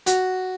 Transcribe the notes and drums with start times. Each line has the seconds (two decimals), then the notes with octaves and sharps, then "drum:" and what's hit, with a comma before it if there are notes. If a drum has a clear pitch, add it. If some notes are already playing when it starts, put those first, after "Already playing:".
0.07 F#4, drum: hi-hat